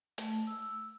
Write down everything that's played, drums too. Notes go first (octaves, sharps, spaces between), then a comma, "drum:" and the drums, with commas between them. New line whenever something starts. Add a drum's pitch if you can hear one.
A3, drum: hi-hat
E6